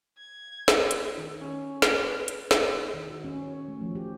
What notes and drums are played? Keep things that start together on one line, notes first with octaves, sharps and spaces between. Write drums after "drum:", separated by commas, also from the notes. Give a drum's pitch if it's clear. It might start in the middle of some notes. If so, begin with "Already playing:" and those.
G#6
drum: snare
drum: hi-hat
D#3
C#4
drum: snare
B4
drum: hi-hat
drum: snare
D#4
D#3
F#4
C#4
C#5
A3
F3
G4